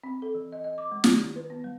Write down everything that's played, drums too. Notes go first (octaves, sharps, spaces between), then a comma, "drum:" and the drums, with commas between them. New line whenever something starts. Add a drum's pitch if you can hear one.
C4
A4
E3
D#5
D#5
D6
G#3
D#3, drum: snare
E4
B4
B3
G3